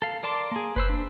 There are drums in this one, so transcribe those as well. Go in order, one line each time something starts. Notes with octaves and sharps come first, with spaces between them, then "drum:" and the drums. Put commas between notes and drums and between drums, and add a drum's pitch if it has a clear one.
A4 F5
A#4 D5 A5 C6 D6
A#3 G#4
B4 C5 E6, drum: kick F1
D4